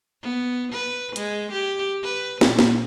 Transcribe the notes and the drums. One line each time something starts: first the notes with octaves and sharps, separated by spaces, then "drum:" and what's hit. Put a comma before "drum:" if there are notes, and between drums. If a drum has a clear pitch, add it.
B3
B4
G#3, drum: hi-hat
G4
B4
A#2, drum: snare
drum: snare